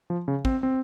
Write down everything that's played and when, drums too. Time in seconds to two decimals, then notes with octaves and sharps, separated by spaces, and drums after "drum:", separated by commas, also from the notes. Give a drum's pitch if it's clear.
0.10 F3
0.28 C#3
0.45 C4, drum: kick
0.63 C4